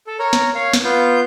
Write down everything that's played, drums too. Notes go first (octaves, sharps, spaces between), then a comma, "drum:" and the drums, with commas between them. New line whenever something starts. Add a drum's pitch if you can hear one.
A4
A#4 C#5 A#5
drum: snare
C#5 F5
drum: snare
B3 F4 G6